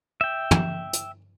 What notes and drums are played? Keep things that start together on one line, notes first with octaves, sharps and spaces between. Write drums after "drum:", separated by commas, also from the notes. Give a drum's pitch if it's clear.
E5 G5
drum: tom
drum: hi-hat